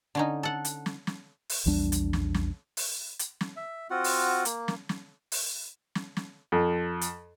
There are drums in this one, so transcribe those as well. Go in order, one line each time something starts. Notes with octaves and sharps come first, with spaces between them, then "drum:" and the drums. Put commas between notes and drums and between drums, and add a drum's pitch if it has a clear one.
D3 C#4 D#4
A4 F#5
drum: hi-hat
drum: snare
drum: snare
drum: open hi-hat
A#1 E2 G3 D4
drum: hi-hat
drum: snare
drum: snare
drum: open hi-hat
drum: hi-hat
drum: snare
E5
C4 F4 F#4 F#5
drum: open hi-hat
A#3, drum: hi-hat
drum: snare
drum: snare
drum: open hi-hat
drum: snare
drum: snare
F2
drum: hi-hat